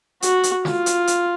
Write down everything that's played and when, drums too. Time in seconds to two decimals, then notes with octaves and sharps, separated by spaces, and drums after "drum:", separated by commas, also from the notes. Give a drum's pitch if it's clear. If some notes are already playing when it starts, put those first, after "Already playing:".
0.22 F#4, drum: hi-hat
0.43 drum: hi-hat
0.65 F4, drum: snare
0.86 drum: hi-hat
1.07 drum: hi-hat